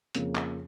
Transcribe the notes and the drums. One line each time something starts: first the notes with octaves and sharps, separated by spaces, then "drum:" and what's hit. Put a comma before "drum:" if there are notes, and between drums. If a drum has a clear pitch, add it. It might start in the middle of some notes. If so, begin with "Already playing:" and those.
F2 C#3 F3 A#3 C#4, drum: hi-hat
drum: clap